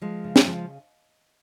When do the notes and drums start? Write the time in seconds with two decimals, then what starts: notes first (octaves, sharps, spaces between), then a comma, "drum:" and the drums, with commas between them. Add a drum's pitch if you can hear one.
0.02 F3 G#3
0.24 C#3
0.36 drum: snare
0.46 F3